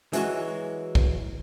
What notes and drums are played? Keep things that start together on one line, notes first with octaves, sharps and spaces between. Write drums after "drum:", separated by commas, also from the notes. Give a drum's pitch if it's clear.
E3 F#3 G#3 F#4, drum: hi-hat
drum: kick B1